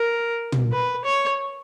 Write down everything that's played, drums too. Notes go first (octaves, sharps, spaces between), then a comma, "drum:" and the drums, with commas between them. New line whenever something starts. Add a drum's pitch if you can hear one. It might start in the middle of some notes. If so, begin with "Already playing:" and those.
Already playing: A#4
drum: tom
B4
C#5